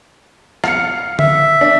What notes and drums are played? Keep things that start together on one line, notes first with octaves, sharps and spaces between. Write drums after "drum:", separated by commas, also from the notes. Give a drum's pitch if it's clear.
F5 C#7, drum: rim click
E5, drum: tom D3
D4